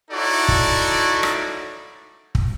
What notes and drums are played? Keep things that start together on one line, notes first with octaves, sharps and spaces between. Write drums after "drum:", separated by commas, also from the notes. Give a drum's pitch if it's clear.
D#4 E4 F#4 A4 C#5 D5
drum: kick
drum: rim click
drum: kick